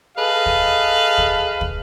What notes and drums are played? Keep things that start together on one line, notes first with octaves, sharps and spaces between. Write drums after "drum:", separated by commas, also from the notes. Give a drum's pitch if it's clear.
G#4 A4 B4 D#5 F5
drum: kick
drum: kick
drum: kick